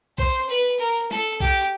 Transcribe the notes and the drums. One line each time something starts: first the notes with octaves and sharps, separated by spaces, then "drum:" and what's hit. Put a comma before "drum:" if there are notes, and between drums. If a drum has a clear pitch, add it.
C5, drum: kick B1
B4
A#4
A4, drum: snare
G4, drum: kick B1